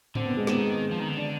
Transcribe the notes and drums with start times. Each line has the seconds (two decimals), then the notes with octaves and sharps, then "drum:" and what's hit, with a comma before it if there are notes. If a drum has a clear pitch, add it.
0.15 D3 C4, drum: tom G#2
0.26 B3
0.37 G#3
0.47 D#3 B3, drum: snare
0.91 F3
1.00 D#3
1.08 D3
1.17 D4